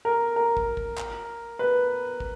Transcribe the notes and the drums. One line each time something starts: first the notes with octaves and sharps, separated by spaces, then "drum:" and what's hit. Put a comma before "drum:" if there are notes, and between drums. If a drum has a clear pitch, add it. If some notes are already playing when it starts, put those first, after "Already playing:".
A#4
A#4
drum: kick
drum: kick
drum: clap
B4
drum: kick